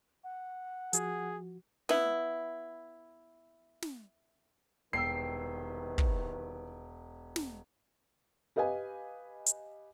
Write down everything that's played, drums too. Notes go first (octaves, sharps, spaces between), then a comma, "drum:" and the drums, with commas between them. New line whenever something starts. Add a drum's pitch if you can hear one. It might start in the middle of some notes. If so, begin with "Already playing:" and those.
F#5
F3 F#4 G#4, drum: hi-hat
B3 E4, drum: snare
drum: snare
E1 C2 D#3 B4 G5 E6 C7
drum: kick
drum: snare
G4 B4 D#5 F5 G#5
drum: hi-hat